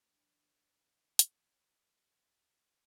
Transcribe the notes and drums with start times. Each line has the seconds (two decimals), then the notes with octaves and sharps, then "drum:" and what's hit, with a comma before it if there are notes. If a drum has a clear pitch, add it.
0.03 E3 D4
1.19 drum: hi-hat